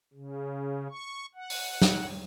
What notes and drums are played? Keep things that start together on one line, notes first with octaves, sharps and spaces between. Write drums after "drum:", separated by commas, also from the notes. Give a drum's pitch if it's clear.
C#3
C#6
F#5
drum: open hi-hat
drum: snare